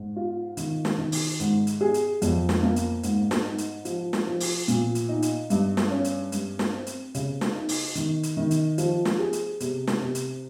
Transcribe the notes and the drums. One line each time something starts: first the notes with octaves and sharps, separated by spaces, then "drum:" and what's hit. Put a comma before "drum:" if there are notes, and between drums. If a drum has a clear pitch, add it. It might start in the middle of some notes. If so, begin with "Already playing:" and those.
Already playing: G#2
F4
D#3, drum: hi-hat
drum: snare
D#3
drum: open hi-hat
G#2, drum: hi-hat
drum: hi-hat
G#4
drum: hi-hat
F2, drum: hi-hat
drum: snare
A#3
drum: hi-hat
G#2, drum: hi-hat
drum: snare
D#4
drum: hi-hat
F3, drum: hi-hat
drum: snare
F3
drum: open hi-hat
A#2, drum: hi-hat
drum: hi-hat
D#4
drum: hi-hat
G2, drum: hi-hat
drum: snare
C#4
drum: hi-hat
G2, drum: hi-hat
drum: snare
C4
drum: hi-hat
C#3, drum: hi-hat
drum: snare
D#4
drum: open hi-hat
D#3, drum: hi-hat
drum: hi-hat
D#3
drum: hi-hat
F3, drum: hi-hat
drum: snare
G#4
drum: hi-hat
C3, drum: hi-hat
drum: snare
C3
drum: hi-hat